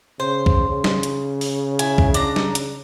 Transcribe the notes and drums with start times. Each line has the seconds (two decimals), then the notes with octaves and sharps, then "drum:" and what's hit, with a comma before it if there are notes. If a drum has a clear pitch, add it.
0.20 C#3 C5
0.46 drum: kick B1
0.69 C#3
0.84 drum: snare
1.03 drum: hi-hat
1.41 drum: open hi-hat
1.79 E4 G#5, drum: hi-hat
1.98 drum: kick B1
2.14 D4 A#5, drum: hi-hat
2.36 drum: snare
2.55 drum: hi-hat